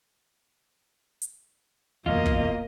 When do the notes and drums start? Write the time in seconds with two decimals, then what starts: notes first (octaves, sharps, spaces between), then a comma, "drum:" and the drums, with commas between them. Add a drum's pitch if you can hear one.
1.22 drum: hi-hat
2.06 F#1 E2 B2 A#3 F4 D#5
2.26 drum: kick